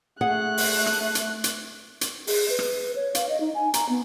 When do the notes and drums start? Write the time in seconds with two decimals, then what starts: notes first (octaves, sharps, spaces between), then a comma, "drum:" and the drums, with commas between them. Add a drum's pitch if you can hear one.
0.21 A3 G#4 F#5 F#6
0.58 drum: open hi-hat
0.86 drum: rim click
1.15 drum: hi-hat
1.44 drum: hi-hat
2.01 drum: hi-hat
2.27 G#4, drum: open hi-hat
2.50 B4
2.59 drum: rim click
2.96 C#5
3.15 F5, drum: hi-hat
3.29 D#5
3.41 D#4
3.55 G#5
3.74 A#5, drum: hi-hat
3.89 B3